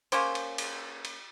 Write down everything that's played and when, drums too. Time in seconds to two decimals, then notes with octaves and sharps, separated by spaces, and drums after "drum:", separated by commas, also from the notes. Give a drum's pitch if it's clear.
0.12 A#3 C#4 G4 C5, drum: cymbal
0.35 drum: cymbal
0.58 drum: cymbal
1.05 drum: cymbal